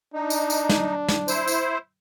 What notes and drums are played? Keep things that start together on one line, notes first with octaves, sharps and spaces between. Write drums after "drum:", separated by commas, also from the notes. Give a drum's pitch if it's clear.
D4 D#4
drum: tambourine
drum: tambourine
drum: snare
drum: snare
E4 C5, drum: tambourine
drum: tambourine